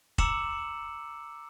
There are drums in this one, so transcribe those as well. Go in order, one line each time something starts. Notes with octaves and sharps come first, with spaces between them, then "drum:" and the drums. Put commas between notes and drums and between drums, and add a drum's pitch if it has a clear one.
A#5 D6 E6 C#7 E7 F#7, drum: kick F1